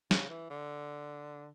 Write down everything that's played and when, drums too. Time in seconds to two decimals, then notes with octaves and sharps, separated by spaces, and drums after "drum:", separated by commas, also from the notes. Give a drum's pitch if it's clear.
0.11 C#3, drum: snare
0.30 E3
0.50 D3